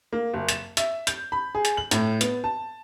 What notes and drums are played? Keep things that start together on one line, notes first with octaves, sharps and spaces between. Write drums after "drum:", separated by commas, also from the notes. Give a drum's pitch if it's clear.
A#3
F#1
E7, drum: hi-hat
E5, drum: hi-hat
G6, drum: hi-hat
B5
G#4
drum: hi-hat
F#7
A2, drum: hi-hat
B3, drum: hi-hat
A5